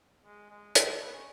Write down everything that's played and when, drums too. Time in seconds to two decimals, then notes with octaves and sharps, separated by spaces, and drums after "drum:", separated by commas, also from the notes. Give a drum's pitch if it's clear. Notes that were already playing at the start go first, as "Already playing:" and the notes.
0.25 G#3
0.50 G#3
0.75 G#3, drum: hi-hat
0.88 A3
1.01 B3
1.13 C#4